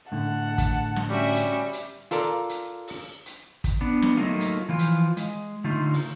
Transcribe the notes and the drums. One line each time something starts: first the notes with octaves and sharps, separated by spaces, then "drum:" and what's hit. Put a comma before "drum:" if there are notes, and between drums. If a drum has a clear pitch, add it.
A2 D3 F#5 A5
drum: kick, hi-hat
drum: snare
G3 C#4 F#4 E5
drum: hi-hat
drum: hi-hat
F4 A4 A#4 D5, drum: hi-hat
drum: hi-hat
drum: open hi-hat
drum: hi-hat
drum: kick, hi-hat
B3 D4
drum: snare
F#3 A3 A#3 D#4 F4
drum: hi-hat
E3 F3 F4
drum: hi-hat
G#3, drum: hi-hat
D3 A3 D#4 F4
drum: open hi-hat